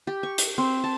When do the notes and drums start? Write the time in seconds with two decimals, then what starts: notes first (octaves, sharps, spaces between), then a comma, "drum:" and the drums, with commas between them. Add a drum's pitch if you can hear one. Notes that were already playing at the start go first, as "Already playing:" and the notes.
0.07 G4
0.23 C#6
0.38 drum: hi-hat
0.58 C4
0.84 A5